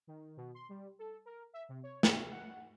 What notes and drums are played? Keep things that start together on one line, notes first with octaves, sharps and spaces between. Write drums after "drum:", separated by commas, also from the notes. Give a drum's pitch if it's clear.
D#3
B2
C6
G3
A4
A#4
E5
C3
C#5
B3, drum: snare
F#5